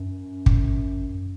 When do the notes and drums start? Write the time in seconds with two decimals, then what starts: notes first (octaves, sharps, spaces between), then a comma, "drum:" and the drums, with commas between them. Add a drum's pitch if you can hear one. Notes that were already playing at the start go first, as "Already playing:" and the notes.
Already playing: F#2
0.46 drum: kick